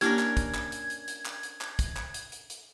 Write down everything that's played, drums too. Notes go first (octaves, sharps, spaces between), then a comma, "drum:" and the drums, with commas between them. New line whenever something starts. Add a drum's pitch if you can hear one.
A#3 C#4 D4 E4 G4 A#4 G#6, drum: hi-hat
drum: clap
drum: kick, hi-hat
drum: clap
drum: hi-hat
drum: hi-hat
drum: hi-hat
drum: clap
drum: hi-hat
drum: clap
drum: kick, hi-hat
drum: clap
drum: hi-hat
drum: hi-hat
drum: hi-hat